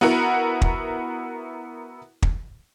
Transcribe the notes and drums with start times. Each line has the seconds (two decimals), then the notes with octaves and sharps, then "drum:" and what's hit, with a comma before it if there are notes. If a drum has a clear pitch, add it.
0.01 B3 E4 F#4 A#4 F#5
0.62 drum: kick
2.22 drum: kick